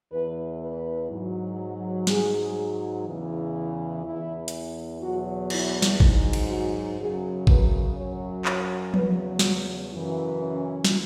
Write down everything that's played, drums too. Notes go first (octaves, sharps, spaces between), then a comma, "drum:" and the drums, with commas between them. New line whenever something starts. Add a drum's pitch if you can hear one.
E2 E3 B4
B4
G#2 F#3
G#2 F#3 G#4, drum: snare
E2 C#3 E3
E2 E3 E4
drum: hi-hat
E2 B2 F#3 F#4
E4, drum: cymbal
drum: snare
G#2 F#3, drum: kick G#1
drum: cymbal
F#4
F#2 C#3 F#3 G#4
B4, drum: kick G#1
F#2 F#3 C#5
C#5, drum: clap
E2 C#3 F#3 B4, drum: tom F3
drum: snare
F#2 C#3 E3
C#4
drum: snare